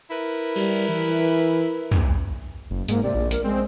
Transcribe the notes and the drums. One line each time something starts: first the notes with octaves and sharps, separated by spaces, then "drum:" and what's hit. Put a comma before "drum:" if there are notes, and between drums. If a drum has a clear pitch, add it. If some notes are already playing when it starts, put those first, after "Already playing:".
E4 A#4 B4
G3, drum: cymbal
E3
drum: tom
F#1
G#2 A#3, drum: hi-hat
C3 D5
A#1
A#4, drum: hi-hat
G#3 C4